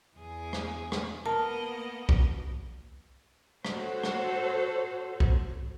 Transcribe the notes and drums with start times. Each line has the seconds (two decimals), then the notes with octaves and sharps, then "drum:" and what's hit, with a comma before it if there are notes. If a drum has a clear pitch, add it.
0.18 E2 G#4
0.53 drum: rim click
0.92 drum: rim click
1.26 A#3 B3 A#4 D#5 A5
2.09 drum: kick B1
3.65 F#4 A4 C5 C#5, drum: rim click
4.03 drum: rim click
5.20 drum: kick B1